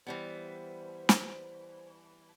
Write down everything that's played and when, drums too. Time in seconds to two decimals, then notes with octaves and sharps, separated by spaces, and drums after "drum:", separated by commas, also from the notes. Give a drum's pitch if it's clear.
0.07 E3 G3 B3 C5
1.09 drum: snare